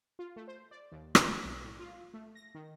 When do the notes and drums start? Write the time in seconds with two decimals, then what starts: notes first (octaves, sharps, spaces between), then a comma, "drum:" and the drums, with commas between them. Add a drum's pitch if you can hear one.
0.19 F4
0.36 A3
0.48 C5
0.71 D5
0.92 D#2
1.15 B5, drum: rim click
1.45 B1
1.65 A2
1.79 F4
2.14 A3
2.35 A#6
2.55 D#3